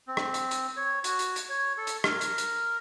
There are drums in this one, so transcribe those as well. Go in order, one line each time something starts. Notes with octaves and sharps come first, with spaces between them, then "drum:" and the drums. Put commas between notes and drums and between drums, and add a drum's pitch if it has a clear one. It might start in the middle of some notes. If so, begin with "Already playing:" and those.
C4
drum: rim click
drum: hi-hat
drum: hi-hat
C#5
F#4, drum: hi-hat
drum: hi-hat
drum: hi-hat
C#5
A4
drum: hi-hat
A#4, drum: rim click
drum: hi-hat
drum: hi-hat